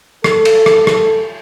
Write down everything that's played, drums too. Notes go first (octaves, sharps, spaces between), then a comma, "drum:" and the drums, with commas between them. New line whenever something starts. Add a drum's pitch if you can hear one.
A4, drum: rim click
drum: cymbal
drum: rim click
drum: rim click